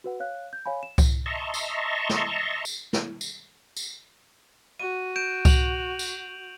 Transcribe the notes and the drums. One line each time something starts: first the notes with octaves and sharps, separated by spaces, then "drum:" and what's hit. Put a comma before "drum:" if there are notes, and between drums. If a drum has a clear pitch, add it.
F#4 B4 F#5
C#5 F5 F#6
G6
C#5 F5 G#5 B5
E7
drum: kick C2, tambourine
D#5 E5 A5 A#5 C6 C#6
drum: tambourine
drum: snare
drum: tambourine
drum: snare
drum: tambourine
drum: tambourine
F#4 D#7
G6 D7 E7
F7 F#7, drum: kick C2, tambourine
drum: tambourine